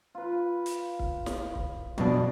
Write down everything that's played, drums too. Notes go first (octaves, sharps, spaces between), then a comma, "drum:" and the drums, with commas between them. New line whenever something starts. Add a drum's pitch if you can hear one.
F4 B4
drum: hi-hat
drum: kick C#1
drum: snare
drum: kick C#1
F2 B2 D4, drum: tom F3